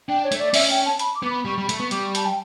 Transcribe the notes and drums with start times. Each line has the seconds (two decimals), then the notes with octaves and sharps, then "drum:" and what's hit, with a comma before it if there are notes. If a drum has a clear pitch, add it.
0.08 D4 G5
0.24 C#5
0.32 A3, drum: hi-hat
0.39 D5
0.54 C#4 E5, drum: open hi-hat
0.70 G5
0.85 A5
0.99 B5, drum: hi-hat
1.15 D6
1.23 B3
1.30 B5
1.45 G3 C#6
1.58 G3
1.61 B5
1.69 A3, drum: hi-hat
1.76 B3 C#6
1.91 G3 D6, drum: hi-hat
2.03 C#6
2.15 A5, drum: hi-hat
2.25 G5